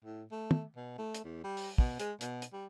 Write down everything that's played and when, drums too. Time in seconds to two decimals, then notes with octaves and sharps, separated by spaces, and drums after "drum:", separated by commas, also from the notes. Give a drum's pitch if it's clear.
0.04 A2
0.32 A3
0.51 drum: tom
0.76 B2
0.98 A3
1.15 drum: hi-hat
1.24 E2
1.44 G3
1.57 drum: open hi-hat
1.78 B2, drum: kick
2.00 G#3, drum: hi-hat
2.21 B2, drum: hi-hat
2.42 drum: hi-hat
2.53 G3